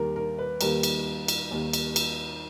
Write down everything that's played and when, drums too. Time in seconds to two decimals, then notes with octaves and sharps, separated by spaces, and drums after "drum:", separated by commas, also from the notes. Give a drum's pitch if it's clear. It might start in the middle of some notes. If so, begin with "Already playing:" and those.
Already playing: D#2 D#3 G3 A#4
0.16 A#4
0.39 B4
0.61 D#2 D#3 G3 A#4, drum: cymbal
0.83 drum: cymbal
1.28 drum: cymbal
1.51 D#2 D#3 G3
1.73 drum: cymbal
1.96 drum: cymbal